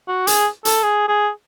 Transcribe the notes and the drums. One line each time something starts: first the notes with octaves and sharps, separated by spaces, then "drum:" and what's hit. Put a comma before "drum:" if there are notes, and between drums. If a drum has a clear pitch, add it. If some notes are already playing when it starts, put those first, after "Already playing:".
F#4
G#4, drum: hi-hat
A4, drum: hi-hat
G#4
G#4